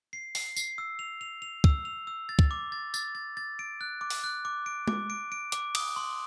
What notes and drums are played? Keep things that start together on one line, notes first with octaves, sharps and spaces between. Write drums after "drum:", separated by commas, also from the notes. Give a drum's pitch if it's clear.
C7
C7, drum: open hi-hat
C7, drum: tambourine
E6
F7
F7
F7
E6, drum: kick
F7
E6
A6
drum: kick
D6
A6
A6, drum: tambourine
A6
A6
D7
F#6
D6
drum: open hi-hat
F#6
D6
D7
D6, drum: tom G#3
D7
D7
D6, drum: hi-hat
D#6, drum: cymbal
C6